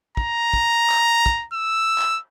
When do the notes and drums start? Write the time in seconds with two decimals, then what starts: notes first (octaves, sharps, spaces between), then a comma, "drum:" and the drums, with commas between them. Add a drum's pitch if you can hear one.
0.17 A#5, drum: kick
0.54 drum: kick
0.90 drum: clap
1.26 drum: kick
1.53 E6
1.98 drum: clap